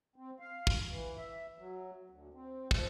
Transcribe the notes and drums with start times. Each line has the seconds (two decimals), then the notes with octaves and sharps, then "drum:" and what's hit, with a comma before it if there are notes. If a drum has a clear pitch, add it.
0.16 C4
0.40 F5
0.67 drum: kick
0.89 E3
1.18 E5
1.59 F#3
2.10 D2
2.34 C4
2.71 F3, drum: kick